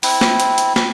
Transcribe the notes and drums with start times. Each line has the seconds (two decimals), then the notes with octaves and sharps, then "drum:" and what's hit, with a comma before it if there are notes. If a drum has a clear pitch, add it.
0.03 C4 E4, drum: open hi-hat
0.21 drum: snare
0.40 drum: hi-hat
0.58 drum: hi-hat
0.76 drum: snare